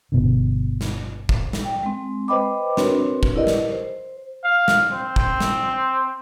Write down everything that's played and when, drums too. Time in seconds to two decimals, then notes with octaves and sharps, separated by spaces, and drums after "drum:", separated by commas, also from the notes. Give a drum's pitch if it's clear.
0.12 G1 B2 D3
0.81 drum: snare
1.29 drum: kick
1.53 drum: snare
1.65 G5
1.83 G#3 C4
2.28 B4 C5 D#5 G5 B5 D6
2.77 C4 D4 F#4 A#4 B4 C#5, drum: snare
3.23 drum: kick
3.36 E4 G4 A#4 B4 D5 D#5
3.47 drum: snare
3.72 C5
4.44 F5
4.68 drum: snare
4.92 C4
5.16 drum: kick
5.40 drum: snare